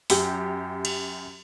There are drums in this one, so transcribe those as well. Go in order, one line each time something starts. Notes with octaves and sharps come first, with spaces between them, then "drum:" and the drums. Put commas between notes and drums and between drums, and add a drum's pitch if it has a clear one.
F#2 G4, drum: open hi-hat
drum: cymbal